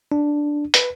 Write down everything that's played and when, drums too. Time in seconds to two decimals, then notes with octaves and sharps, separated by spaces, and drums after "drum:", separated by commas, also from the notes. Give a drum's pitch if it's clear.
0.12 D4
0.74 B4, drum: hi-hat